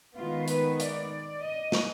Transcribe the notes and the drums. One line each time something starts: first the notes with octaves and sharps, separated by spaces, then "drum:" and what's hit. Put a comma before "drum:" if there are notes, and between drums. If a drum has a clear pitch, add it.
D#3 G#3 B3 F4
B4, drum: hi-hat
D5, drum: hi-hat
D#5
drum: snare